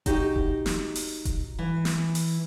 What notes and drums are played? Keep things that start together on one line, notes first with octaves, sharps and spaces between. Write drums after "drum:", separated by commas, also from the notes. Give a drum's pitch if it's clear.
D#4 F#4 G4, drum: kick E1, hi-hat
drum: kick E1
drum: snare
drum: open hi-hat
drum: kick E1, hi-hat
E3
drum: snare
drum: open hi-hat